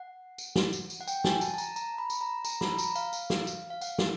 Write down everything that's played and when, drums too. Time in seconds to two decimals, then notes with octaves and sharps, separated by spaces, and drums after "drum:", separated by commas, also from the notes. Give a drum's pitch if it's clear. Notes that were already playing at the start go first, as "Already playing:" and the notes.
Already playing: F#5
0.38 drum: tambourine
0.56 drum: snare
0.73 drum: tambourine
0.90 drum: tambourine
1.01 F#5
1.07 G5, drum: tambourine
1.24 G#5, drum: snare
1.41 A5, drum: tambourine
1.54 A5
1.58 A#5, drum: tambourine
1.76 A#5, drum: tambourine
1.98 B5
2.10 drum: tambourine
2.21 A#5
2.45 A#5, drum: tambourine
2.61 B5, drum: snare
2.78 A#5, drum: tambourine
2.96 F5, drum: tambourine
3.13 drum: tambourine
3.30 drum: snare
3.47 drum: tambourine
3.70 F5
3.81 F#5, drum: tambourine
3.98 drum: snare